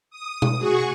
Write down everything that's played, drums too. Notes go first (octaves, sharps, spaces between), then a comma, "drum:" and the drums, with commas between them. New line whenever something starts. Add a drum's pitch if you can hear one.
D#6
drum: tom B2
F#4 G#4 C#6